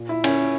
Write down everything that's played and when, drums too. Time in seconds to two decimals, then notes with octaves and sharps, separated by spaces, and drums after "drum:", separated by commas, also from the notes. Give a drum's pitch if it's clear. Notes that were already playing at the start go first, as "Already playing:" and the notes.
Already playing: A#2
0.09 E4
0.24 C#4, drum: cymbal